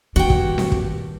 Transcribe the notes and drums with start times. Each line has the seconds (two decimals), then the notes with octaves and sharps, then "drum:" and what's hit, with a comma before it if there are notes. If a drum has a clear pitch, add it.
0.16 G2 A#2 D#3 F#4 G4 G5
0.30 drum: kick
0.58 drum: snare C4
0.72 drum: kick